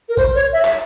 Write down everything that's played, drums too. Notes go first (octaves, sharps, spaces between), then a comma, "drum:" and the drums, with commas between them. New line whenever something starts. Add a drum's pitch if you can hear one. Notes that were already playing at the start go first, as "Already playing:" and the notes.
A#4
C5, drum: kick A#1, tambourine
C#5
E5
drum: clap